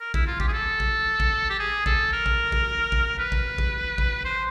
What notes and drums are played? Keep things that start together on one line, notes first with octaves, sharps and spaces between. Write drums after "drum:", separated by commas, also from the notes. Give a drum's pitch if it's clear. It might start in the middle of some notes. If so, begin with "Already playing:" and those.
A#4
E4, drum: kick A1
F4
G4, drum: kick A1
G#4
A4
drum: kick A1
drum: kick A1
G4
G#4
A4, drum: kick A1
A#4
drum: kick A1
drum: kick A1
drum: kick A1
B4
drum: kick A1
drum: kick A1
drum: kick A1
C5